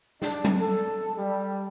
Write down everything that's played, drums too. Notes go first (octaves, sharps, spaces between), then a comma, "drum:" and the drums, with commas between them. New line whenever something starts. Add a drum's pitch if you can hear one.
D4, drum: snare
drum: tom F#3
A4
G3